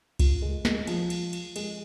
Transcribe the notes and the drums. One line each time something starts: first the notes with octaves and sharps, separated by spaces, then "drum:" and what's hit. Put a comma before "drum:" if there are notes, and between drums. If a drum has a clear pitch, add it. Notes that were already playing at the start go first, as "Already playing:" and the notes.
F4, drum: kick C2, cymbal
G#3
G#3, drum: snare
F3, drum: cymbal
drum: cymbal
drum: cymbal
G#3, drum: cymbal